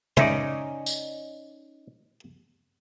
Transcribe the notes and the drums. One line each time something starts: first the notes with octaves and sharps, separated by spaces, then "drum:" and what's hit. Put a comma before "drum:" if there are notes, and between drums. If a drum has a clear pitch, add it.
C#4 D#4 C5 D5 E5, drum: tom
drum: tambourine